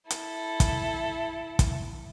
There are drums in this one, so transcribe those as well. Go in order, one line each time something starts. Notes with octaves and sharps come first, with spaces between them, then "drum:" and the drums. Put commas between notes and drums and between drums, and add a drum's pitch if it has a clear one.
E4 A4, drum: hi-hat
drum: kick, hi-hat
drum: kick, hi-hat